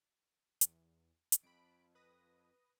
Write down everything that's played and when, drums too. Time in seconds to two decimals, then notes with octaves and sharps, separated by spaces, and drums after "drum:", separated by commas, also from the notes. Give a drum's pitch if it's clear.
0.61 E2, drum: hi-hat
1.32 drum: hi-hat
1.43 F2 B5 D7
1.95 B4 D#6 A#6